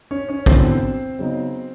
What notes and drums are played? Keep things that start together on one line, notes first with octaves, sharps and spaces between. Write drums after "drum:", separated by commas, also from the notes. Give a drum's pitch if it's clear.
C#4 C#5
C#4 C#5
D3 F#3 B3 C4 E4 C5, drum: kick
C#3 F#3 B3 D#4